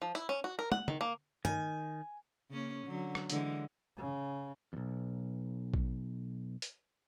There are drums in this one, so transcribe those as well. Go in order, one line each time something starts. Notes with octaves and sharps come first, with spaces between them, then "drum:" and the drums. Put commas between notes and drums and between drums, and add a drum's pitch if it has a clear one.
F3
E4, drum: tambourine
C#4
F#4
A#4
F#5, drum: tom
D#3, drum: tom
A#3
D#3 G#5, drum: tom
C#3 A#3 C#4
D3 F#3
drum: rim click
D3 E3 G#3, drum: hi-hat
C#3
B1 E2
drum: kick A#1
drum: hi-hat